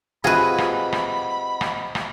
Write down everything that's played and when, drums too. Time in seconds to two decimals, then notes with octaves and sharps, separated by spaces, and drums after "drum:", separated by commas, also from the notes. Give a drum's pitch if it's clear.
0.24 C3 F4 F#4 G#4 B4 D#5 F#5 B5
0.58 drum: rim click
0.92 drum: rim click
1.61 drum: rim click
1.95 drum: rim click